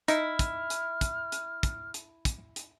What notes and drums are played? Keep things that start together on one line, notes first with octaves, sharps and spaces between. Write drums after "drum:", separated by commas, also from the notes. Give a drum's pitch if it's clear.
D#4 E4 F6, drum: hi-hat
drum: kick, hi-hat
drum: hi-hat
drum: kick, hi-hat
drum: hi-hat
drum: kick, hi-hat
drum: hi-hat
drum: kick, hi-hat
drum: hi-hat